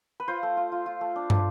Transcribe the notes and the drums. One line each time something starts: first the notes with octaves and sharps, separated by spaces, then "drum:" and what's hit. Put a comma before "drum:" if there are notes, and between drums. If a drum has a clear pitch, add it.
B4
F4 C5
A3
F4
F4
F4
A3
D4
D4, drum: tom